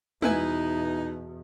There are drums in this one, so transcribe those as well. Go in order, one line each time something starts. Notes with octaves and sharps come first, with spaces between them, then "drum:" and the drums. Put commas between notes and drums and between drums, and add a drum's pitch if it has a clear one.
E2 B2 D#4 E4 B4 G#5, drum: tom